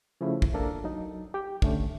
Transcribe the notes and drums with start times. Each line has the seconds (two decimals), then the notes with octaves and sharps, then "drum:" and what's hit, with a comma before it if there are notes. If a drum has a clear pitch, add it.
0.21 C#3 F3 A3 E4
0.42 drum: kick
0.54 A#3 D4 A4 A#4
0.84 F#3 D#4
1.34 G4 G5
1.62 D3 A3 C#4, drum: kick